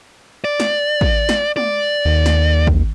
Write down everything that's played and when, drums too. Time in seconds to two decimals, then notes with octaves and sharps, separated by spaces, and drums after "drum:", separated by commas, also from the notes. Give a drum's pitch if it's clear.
0.44 D5
0.60 drum: snare
1.01 drum: kick
1.29 drum: snare
1.57 D5, drum: tom
2.05 D#2
2.26 drum: snare
2.67 drum: kick